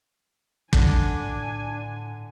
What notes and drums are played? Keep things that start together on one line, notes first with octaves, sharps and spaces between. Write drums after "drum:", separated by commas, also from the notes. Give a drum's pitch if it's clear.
D3 D4 G#5, drum: kick
A2